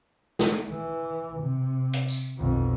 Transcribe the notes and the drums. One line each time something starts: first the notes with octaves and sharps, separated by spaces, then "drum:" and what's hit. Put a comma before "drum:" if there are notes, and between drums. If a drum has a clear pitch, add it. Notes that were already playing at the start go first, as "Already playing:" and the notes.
drum: snare
E3
C3
drum: hi-hat
drum: tambourine
B1 F2